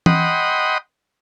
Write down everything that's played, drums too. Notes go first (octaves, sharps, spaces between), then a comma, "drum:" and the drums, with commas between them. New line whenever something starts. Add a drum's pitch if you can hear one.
D#5 F#5 G5 B5 C6 D#6, drum: tom E3